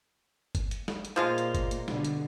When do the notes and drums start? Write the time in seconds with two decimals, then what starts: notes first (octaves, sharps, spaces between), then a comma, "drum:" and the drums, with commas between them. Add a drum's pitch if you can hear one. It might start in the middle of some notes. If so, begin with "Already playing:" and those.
0.55 drum: kick, hi-hat
0.71 drum: hi-hat
0.88 drum: snare
1.05 drum: hi-hat
1.16 A#2 F3 G#3 A#3 F4
1.38 drum: hi-hat
1.55 drum: kick, hi-hat
1.71 drum: hi-hat
1.88 B2 D3 G3, drum: snare
2.05 drum: hi-hat